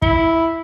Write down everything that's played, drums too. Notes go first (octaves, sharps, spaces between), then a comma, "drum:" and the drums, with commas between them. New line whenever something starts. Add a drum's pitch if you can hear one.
E4, drum: kick